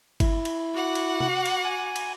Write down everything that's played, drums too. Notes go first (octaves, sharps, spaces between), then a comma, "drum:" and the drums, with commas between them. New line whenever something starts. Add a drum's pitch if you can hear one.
E4, drum: kick G1, cymbal
drum: cymbal
F#4 F#5 D6
drum: cymbal
drum: tom C3
drum: cymbal
G#5
drum: cymbal